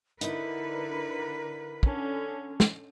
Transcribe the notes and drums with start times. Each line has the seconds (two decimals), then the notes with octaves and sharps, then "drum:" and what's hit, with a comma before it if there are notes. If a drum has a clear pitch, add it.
0.21 D3 D#4 E4 A#4 B4, drum: hi-hat
1.83 D3 C#4, drum: kick
2.60 drum: snare